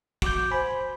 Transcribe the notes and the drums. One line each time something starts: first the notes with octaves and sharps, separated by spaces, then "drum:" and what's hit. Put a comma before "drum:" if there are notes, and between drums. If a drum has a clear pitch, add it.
F#4 D6 G6, drum: kick
C5 G#5 B5